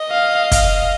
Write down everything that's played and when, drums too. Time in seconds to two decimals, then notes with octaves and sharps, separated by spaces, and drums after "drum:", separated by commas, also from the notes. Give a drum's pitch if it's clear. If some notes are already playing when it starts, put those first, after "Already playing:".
Already playing: D#5
0.11 F5
0.51 F5, drum: kick, hi-hat